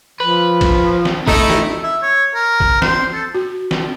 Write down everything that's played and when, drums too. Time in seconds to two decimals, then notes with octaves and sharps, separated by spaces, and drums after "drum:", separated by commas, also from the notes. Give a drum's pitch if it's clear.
0.20 F3 B4
0.61 drum: kick, cymbal
1.05 drum: snare
1.27 A3 D#4 E4 D#5, drum: kick
1.50 drum: snare
1.84 E5
2.03 C#5
2.35 A#4
2.60 drum: kick
2.82 C5, drum: snare
3.14 A4
3.35 F#4
3.71 drum: snare